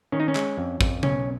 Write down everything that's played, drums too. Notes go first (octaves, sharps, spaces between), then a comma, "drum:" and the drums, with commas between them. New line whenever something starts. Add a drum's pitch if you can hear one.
D#3 C#4
D#4
C#4
G#3, drum: clap
F2
F2, drum: kick
B1 C#4, drum: tom C#3